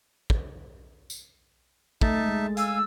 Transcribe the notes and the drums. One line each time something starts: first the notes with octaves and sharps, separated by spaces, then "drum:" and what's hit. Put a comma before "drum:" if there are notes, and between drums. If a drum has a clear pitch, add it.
drum: kick
drum: tambourine
A3 D#4 E5 A5 A6, drum: kick
G#3
F5 G#5 E6, drum: hi-hat